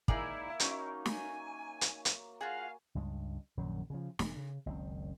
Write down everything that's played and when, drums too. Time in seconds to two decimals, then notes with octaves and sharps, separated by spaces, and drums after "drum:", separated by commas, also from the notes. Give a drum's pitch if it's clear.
0.08 A#3 D#4 E4 G#4 D5 E5, drum: kick
0.60 F#3 C#4 D#4 C#6, drum: hi-hat
1.06 G#5, drum: snare
1.81 drum: hi-hat
2.05 drum: hi-hat
2.41 F4 F#4 G#4 F5 G#5
2.95 C#2 G2 G#3
3.57 A#1 F#2 D#3 F#3
3.90 C#3 F3
4.19 E1 E3, drum: snare
4.37 C#3
4.66 F#1 C#2 D#3 C4